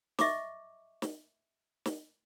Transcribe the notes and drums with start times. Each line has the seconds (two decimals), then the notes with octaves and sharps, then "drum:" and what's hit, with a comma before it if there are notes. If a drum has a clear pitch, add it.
0.19 D#5 E5 C#6 D6, drum: snare
1.02 drum: snare
1.86 drum: snare